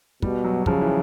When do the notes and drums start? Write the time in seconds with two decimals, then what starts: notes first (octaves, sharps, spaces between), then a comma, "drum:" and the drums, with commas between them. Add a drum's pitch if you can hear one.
0.22 B2 G3, drum: kick
0.44 F#3
0.66 C#3 F3, drum: kick
0.82 E3